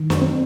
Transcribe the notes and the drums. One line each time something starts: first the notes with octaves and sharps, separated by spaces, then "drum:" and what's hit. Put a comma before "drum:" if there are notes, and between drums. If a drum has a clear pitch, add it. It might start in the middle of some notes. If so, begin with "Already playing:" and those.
Already playing: D#3
F#2, drum: snare
C4